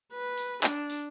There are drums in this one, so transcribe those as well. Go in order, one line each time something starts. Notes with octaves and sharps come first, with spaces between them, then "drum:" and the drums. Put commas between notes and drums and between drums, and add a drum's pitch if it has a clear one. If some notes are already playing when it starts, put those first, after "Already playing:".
B4
drum: open hi-hat
D4, drum: clap
drum: open hi-hat